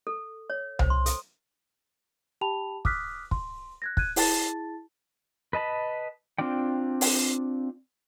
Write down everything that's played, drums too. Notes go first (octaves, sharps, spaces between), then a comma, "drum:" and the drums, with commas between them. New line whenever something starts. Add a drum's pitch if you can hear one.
A4
C#5
C5, drum: tom C2
C6
A4, drum: hi-hat
G4 G5 A5 B5 F7
D6 D#6 F6 F#6 B6, drum: kick
C6, drum: kick
F#6 G#6 A#6
F#6 G#6 D#7, drum: kick
E4 G#4 A5 A6, drum: open hi-hat
B4 D#5 A5 B5
C4 D4 F4 D5 G5
drum: open hi-hat